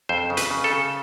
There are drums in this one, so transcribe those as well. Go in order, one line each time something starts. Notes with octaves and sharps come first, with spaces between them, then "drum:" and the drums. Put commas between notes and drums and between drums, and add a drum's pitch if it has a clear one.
F2 C5
C#3
B4, drum: hi-hat
C#3
A4
C#3